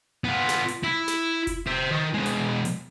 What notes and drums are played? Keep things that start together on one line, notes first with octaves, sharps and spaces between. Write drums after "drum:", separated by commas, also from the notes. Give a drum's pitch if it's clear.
B3 F4
drum: snare
drum: hi-hat
E4
drum: snare
drum: kick F1, hi-hat
C5 E5
D#3
B2 G#3
drum: hi-hat
drum: hi-hat